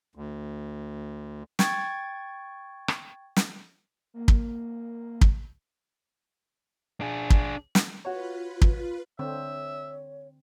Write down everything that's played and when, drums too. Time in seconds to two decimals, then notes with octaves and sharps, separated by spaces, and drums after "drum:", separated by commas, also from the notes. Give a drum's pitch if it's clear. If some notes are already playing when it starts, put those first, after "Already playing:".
0.15 D2
1.59 G5 C#6 G#6 A6, drum: snare
2.88 drum: rim click
3.36 drum: snare
4.14 A#3
4.28 drum: kick
5.21 drum: kick
7.01 D4 G#4
7.30 drum: kick
7.75 drum: snare
8.05 F4 F#4 B4 C#5
8.62 drum: kick
9.19 D3 C4 C#5 E5